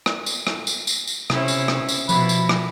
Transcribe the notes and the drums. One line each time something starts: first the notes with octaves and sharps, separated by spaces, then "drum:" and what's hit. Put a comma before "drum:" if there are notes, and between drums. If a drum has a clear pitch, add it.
drum: rim click
drum: tambourine
drum: rim click
drum: tambourine
drum: tambourine
drum: tambourine
C3 C#4 E4 C5, drum: rim click
drum: tambourine
drum: rim click
drum: tambourine
B2 F3 E4 B5, drum: tambourine
drum: tambourine
drum: rim click